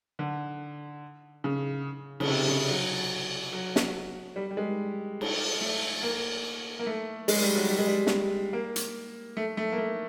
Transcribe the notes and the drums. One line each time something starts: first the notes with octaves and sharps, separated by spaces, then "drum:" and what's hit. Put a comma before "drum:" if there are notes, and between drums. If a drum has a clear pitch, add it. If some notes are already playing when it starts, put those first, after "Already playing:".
D3
C#3
C#3, drum: cymbal
C3
C#3
F#3
F#3
drum: snare
G3
G3
G#3
drum: cymbal
A3
A#3
A#3
A3
G#3, drum: open hi-hat
G3
F#3
G3
G#3
G3
drum: snare
A#3
drum: hi-hat
A3
A3
A#3
A3